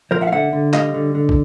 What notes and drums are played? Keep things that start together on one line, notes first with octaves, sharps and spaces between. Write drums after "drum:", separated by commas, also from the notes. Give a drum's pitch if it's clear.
F3 A#4 C5
E5 F#5
F5
D3 E5 F#5
D3
G3 D#5 F5, drum: clap
D3
D3
drum: kick